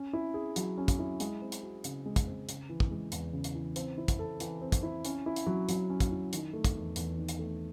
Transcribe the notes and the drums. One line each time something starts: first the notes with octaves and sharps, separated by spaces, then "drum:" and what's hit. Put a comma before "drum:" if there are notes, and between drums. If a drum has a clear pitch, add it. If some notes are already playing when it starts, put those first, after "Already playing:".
Already playing: C#4
E4
G#4
F#3, drum: hi-hat
C#4
drum: kick, hi-hat
E4
G#3, drum: hi-hat
C4
drum: hi-hat
F#4
C#3, drum: hi-hat
G#3
drum: kick, hi-hat
C4
C#3, drum: hi-hat
E3
drum: kick
G#3
E2, drum: hi-hat
C#3
drum: hi-hat
E3
C4, drum: hi-hat
E4
drum: kick, hi-hat
A4
E3, drum: hi-hat
C4
drum: kick, hi-hat
E4
C#4, drum: hi-hat
E4
drum: hi-hat
F#3
F#3, drum: hi-hat
C#4
drum: kick, hi-hat
E4
D#3, drum: hi-hat
A3
drum: kick, hi-hat
E2
E2, drum: hi-hat
D#3
drum: hi-hat
A3